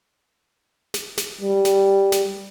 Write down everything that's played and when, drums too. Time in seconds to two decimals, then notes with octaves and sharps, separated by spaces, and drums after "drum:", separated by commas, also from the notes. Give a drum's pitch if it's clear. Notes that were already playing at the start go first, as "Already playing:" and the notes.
0.94 drum: snare
1.18 drum: snare
1.41 G3
1.65 drum: snare
2.12 drum: snare